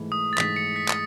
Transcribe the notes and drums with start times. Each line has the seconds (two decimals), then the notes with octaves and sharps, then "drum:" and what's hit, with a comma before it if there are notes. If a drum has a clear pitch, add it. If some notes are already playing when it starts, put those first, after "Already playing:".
Already playing: G#2 E3 A3
0.12 D#6
0.33 A6
0.38 G#2 E3 A3 B6, drum: clap
0.56 C#7
0.76 B6
0.89 drum: clap